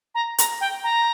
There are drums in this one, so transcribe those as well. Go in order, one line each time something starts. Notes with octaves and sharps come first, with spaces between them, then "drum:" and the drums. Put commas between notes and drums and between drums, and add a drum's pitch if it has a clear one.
A#5
A#5, drum: hi-hat
G5
A#5